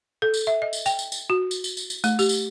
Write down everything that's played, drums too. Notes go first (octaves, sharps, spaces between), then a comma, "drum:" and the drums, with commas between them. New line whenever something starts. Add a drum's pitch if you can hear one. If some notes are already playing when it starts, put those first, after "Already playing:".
A4
drum: tambourine
E5
D#5
drum: tambourine
G5, drum: tambourine
drum: tambourine
drum: tambourine
F#4
drum: tambourine
drum: tambourine
drum: tambourine
drum: tambourine
A3, drum: tambourine
G4, drum: tambourine
drum: tambourine